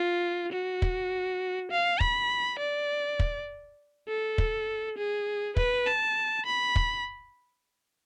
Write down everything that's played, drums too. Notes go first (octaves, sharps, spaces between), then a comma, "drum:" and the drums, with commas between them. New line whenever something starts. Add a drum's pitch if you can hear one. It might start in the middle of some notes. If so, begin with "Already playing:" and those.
Already playing: F4
F#4
drum: kick
F5
B5, drum: kick
D5
drum: kick
A4
drum: kick
G#4
B4, drum: kick
A5
B5
drum: kick